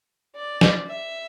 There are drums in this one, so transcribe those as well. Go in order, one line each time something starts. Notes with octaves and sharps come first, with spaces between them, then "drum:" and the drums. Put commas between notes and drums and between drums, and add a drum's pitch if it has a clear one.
D5
drum: snare
E5